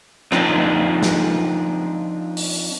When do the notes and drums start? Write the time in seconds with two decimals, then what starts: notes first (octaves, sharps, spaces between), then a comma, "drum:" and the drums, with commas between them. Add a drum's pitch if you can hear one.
0.32 F3 C4 D4 D#4 F4, drum: rim click
1.03 drum: snare
2.37 drum: open hi-hat